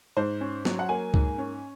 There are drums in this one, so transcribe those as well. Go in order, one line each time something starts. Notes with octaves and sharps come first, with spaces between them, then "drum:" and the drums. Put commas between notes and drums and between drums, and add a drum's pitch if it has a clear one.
G#2 C5
C#4
F#3, drum: snare
F#5
A#3 G#5
G#2, drum: kick C#2
C#4